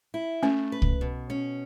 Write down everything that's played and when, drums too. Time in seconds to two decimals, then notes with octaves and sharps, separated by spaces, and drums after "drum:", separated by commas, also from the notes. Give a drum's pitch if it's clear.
0.14 E4
0.43 A3 C#4
0.72 B4
0.82 drum: kick C2
1.01 B2
1.30 C#4